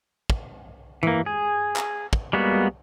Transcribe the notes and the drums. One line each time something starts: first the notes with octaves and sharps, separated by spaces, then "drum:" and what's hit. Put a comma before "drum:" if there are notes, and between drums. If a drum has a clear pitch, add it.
drum: kick
E3 A#3, drum: tom
G#4
drum: clap
drum: kick
G3 G#3 A#3 B3 F#4